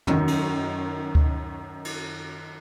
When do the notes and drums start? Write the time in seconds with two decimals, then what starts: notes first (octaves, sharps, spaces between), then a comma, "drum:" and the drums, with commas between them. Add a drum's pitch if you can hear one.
0.07 F#2 D#3, drum: tom
0.28 drum: cymbal
1.15 drum: kick D2
1.85 drum: cymbal